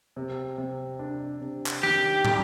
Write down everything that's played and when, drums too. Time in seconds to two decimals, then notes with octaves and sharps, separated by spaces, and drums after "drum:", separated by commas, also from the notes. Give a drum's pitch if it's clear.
0.16 C3
0.58 C3
0.99 D4
1.41 C3
1.66 drum: clap
1.83 D#3 G4
2.25 G3, drum: tom